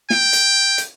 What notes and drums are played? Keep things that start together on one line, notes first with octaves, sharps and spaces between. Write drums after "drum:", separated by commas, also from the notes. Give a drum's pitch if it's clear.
G5, drum: snare
drum: hi-hat
drum: hi-hat